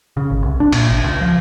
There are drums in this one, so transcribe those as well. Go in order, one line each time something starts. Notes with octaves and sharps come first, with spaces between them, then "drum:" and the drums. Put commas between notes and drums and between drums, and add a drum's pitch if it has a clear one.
C#3
G#1
C2
D4
A#2, drum: cymbal
G#1
C#2
F3